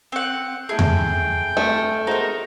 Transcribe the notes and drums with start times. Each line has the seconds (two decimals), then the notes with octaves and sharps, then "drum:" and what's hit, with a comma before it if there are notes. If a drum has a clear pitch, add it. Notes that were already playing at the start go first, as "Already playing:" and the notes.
0.12 C4 F#5
0.69 A3 E4 G#4 A4 G5
0.79 drum: tom E2
1.57 F2 A3 F4
2.07 G#3 D#4 F#4 A#4 C5